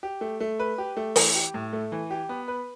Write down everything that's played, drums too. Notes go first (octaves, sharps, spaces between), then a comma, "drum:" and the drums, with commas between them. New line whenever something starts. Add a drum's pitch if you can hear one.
G4
A3
A3
B4
G4
A3
E3, drum: open hi-hat
G4
A2
A3
E3
G4
B3
B4